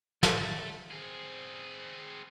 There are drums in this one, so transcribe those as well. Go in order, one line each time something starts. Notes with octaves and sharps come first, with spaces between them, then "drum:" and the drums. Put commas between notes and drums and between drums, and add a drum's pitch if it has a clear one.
A3, drum: snare
C4 G#4